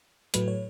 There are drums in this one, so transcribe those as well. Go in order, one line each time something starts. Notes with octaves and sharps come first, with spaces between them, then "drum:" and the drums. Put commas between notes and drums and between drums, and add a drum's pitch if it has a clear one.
A2 F#3 A3 B4, drum: hi-hat
C#5